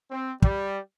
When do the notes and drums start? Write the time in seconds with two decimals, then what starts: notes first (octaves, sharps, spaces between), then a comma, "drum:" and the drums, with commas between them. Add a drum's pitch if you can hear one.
0.11 C4
0.42 G3, drum: kick